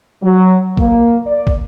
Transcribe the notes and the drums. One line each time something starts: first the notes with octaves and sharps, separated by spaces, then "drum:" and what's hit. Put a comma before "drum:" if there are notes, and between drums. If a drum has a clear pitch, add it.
F#3
A#3, drum: kick
D5
drum: kick